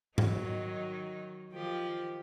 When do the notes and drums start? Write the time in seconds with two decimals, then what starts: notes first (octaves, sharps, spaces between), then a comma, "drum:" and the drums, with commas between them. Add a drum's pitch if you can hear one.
0.18 D#3 F#3 D#4, drum: tom G#2
1.53 D#3 F3 G4